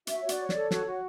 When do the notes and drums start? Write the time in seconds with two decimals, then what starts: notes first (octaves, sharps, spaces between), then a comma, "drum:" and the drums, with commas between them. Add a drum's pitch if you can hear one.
0.07 F#4 E5, drum: hi-hat
0.21 F#4 C#5
0.29 D5, drum: hi-hat
0.39 C#5
0.49 D5, drum: snare
0.55 A4
0.71 F#4 C#5, drum: snare
0.86 F#4